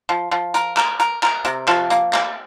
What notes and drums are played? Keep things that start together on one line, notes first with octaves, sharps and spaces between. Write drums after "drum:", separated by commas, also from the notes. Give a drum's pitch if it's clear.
F3
F3
A#4, drum: hi-hat
A#4, drum: clap
A#4, drum: hi-hat
A#4, drum: clap
C3, drum: hi-hat
F3, drum: clap
A#3, drum: hi-hat
A#3, drum: clap